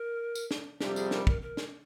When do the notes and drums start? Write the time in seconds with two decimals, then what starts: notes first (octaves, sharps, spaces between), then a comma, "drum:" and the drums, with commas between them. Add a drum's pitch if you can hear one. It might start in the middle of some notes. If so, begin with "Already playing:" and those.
Already playing: A#4
0.35 drum: tambourine
0.51 drum: snare
0.80 F2 C3 G3 G4, drum: snare
0.96 G#4, drum: tambourine
1.11 A#4, drum: snare
1.27 A#4, drum: kick
1.42 A#4
1.57 drum: snare